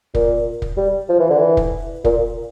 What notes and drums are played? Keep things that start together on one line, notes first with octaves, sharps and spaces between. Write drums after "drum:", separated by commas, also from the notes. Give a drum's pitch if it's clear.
A#2, drum: kick
drum: kick
G3
F3
E3
D3
E3
drum: kick
A#2, drum: kick